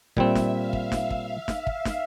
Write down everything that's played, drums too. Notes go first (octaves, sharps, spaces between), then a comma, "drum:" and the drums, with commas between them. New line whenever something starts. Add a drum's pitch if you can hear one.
A#2 G3 C4 E5, drum: kick
drum: snare
F5
drum: kick
drum: snare
drum: kick
drum: snare
drum: kick
drum: snare